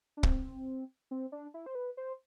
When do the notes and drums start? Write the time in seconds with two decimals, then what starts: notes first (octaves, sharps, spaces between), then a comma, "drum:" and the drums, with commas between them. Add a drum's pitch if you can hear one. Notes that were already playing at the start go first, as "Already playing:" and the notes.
0.17 D4
0.23 C4, drum: kick
1.11 C4
1.32 D4
1.54 E4
1.66 C5
1.75 B4
1.97 C5